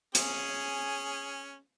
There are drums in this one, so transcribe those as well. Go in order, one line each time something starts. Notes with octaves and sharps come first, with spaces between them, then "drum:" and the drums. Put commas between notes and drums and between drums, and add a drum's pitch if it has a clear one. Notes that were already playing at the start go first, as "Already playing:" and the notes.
C#4 G#4, drum: hi-hat